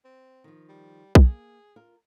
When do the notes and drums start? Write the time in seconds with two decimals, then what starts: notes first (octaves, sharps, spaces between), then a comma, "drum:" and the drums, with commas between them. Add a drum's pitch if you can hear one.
0.05 C4
0.44 D#3 F3
0.69 G3
1.15 A#3 G#4, drum: kick B1
1.76 F4 A#4